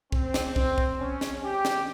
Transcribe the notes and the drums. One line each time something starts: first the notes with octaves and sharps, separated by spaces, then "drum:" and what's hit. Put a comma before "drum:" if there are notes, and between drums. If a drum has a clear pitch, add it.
C4, drum: kick
drum: snare
drum: kick
drum: kick
C#4
drum: snare
G4
drum: snare